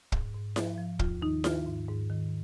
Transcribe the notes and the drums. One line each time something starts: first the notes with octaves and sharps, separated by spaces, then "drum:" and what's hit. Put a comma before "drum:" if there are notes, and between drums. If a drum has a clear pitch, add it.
G#2, drum: kick
G#2
F3, drum: snare E4
F3
D#2 F4, drum: kick
D#3 D#4
D#3 F4, drum: snare E4
G#2
G#2
D#3